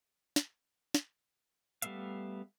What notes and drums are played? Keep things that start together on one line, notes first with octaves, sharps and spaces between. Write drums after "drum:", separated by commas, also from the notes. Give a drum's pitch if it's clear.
drum: snare
drum: snare
G3 A3 B3 E5 F5, drum: hi-hat